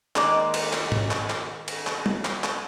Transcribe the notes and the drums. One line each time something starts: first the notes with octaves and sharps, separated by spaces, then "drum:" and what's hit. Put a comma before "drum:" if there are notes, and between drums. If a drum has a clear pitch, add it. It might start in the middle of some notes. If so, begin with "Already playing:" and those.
D#3 G#3 A#3 D5, drum: clap
drum: cymbal
drum: clap
drum: tom G#2
drum: clap
drum: clap
drum: cymbal
drum: clap
drum: tom G3
drum: clap
drum: clap